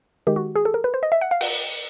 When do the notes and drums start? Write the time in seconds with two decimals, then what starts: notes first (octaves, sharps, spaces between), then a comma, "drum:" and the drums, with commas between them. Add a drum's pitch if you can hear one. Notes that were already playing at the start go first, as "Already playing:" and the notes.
0.27 D#3 G#3 G4
0.36 F#4
0.56 G#4
0.65 A4
0.74 A#4
0.84 B4
0.94 C5
1.03 D#5
1.12 E5
1.21 F#5
1.31 F5
1.41 F#5, drum: open hi-hat